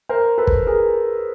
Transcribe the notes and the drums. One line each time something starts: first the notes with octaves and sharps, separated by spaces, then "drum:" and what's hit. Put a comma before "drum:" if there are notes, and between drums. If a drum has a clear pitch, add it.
A#4 C5
A4 B4
drum: kick
G#4 A#4